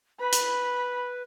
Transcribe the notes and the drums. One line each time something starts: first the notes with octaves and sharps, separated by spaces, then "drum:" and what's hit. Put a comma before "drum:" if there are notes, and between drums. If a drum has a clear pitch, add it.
B4 B5
drum: hi-hat